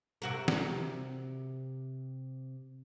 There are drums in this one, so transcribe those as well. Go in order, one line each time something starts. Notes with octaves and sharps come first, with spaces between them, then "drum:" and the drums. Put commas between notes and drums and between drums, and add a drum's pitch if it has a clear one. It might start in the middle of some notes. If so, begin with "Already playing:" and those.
C3 F#4 A#4
drum: snare